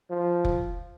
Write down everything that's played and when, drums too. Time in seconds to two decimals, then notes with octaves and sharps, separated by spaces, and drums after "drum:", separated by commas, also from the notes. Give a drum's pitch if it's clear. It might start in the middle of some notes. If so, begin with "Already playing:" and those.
0.10 F3
0.45 drum: kick F1